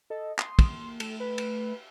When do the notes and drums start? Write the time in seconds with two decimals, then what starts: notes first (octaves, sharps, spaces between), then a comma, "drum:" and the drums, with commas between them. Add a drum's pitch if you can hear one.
0.10 A4 D#5
0.39 C6 D#6, drum: clap
0.59 drum: kick, cymbal
0.72 A#3
1.00 A3 A4, drum: cymbal
1.20 B4
1.38 drum: cymbal